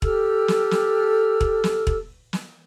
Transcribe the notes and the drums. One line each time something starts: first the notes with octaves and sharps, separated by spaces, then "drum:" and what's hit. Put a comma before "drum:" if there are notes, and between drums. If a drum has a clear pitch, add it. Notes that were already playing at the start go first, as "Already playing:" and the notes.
G4 A4 E6 F6, drum: kick
drum: snare
drum: snare
drum: kick
drum: snare
drum: kick
drum: snare